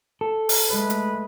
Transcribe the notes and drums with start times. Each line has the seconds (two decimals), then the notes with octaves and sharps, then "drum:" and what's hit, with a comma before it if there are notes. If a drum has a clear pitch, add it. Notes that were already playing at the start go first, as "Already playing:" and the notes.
0.21 A4
0.49 drum: open hi-hat
0.69 G#3 A3 B4
0.90 drum: hi-hat